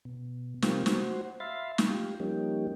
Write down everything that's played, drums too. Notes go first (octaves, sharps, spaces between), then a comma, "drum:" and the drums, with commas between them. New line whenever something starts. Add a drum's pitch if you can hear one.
B2
C3 F3 A#3 C4 F4 G4, drum: snare
F#4 C5, drum: snare
E5 F5 B5 C6 A6
drum: snare
F4 G4
F3 G3 A#3 C#4 D#4 G4